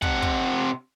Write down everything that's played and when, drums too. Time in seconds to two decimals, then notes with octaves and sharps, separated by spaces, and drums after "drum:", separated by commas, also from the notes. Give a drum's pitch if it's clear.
0.02 C3 F#5, drum: kick
0.22 drum: kick